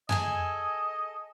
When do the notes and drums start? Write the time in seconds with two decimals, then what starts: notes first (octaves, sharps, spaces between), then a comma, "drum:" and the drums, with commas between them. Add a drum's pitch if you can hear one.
0.09 G#4 A4 D#5 G#5, drum: tom F2